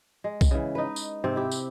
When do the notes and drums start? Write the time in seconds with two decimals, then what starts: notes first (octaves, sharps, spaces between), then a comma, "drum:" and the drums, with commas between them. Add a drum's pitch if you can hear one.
0.24 G#3
0.41 drum: kick B1, tambourine
0.51 C#3 E3
0.75 D#4 B4
0.96 drum: tambourine
1.24 G#2 C3 C4
1.36 E4 G4
1.51 drum: tambourine